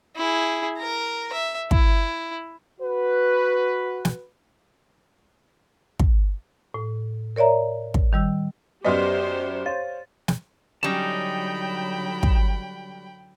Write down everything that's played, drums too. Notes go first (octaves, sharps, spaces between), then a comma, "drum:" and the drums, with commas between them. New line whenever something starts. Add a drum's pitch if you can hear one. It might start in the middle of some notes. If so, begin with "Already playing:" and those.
E4 G#4
A#4 A#5
E5
E4, drum: kick
F#4 B4
drum: snare
drum: kick
A2
A#4 C#5 D5 E5 A#5
drum: kick
D#3 G3 E6
F#2 B3 G4 C5 D5 D#5 C6 F6
C5 C#5 F5 A6
drum: snare
D3 F#3 G3 C#4 D#4 G5 A5 B5
drum: kick